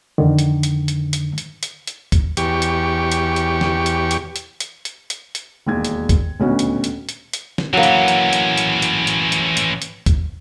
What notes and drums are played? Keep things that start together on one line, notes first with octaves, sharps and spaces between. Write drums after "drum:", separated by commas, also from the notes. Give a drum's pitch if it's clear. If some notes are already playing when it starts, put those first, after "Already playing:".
F2 D3 D#3
drum: hi-hat
drum: hi-hat
drum: hi-hat
drum: hi-hat
drum: hi-hat
drum: hi-hat
drum: hi-hat
drum: kick C#2, hi-hat
E2 G4 C#6, drum: hi-hat
drum: hi-hat
drum: hi-hat
drum: hi-hat
drum: snare
drum: hi-hat
drum: hi-hat
drum: hi-hat
drum: hi-hat
drum: hi-hat
drum: hi-hat
drum: hi-hat
E1 D#2 G#6
drum: hi-hat
drum: kick C#2, hi-hat
D#1 D2 B2 C#4 F#4
drum: hi-hat
drum: hi-hat
drum: hi-hat
drum: hi-hat
drum: snare
E3 F#3 A#3 C#4
drum: hi-hat
drum: hi-hat
drum: hi-hat
drum: hi-hat
drum: hi-hat
drum: hi-hat
drum: hi-hat
drum: hi-hat
drum: hi-hat
drum: kick C#2, hi-hat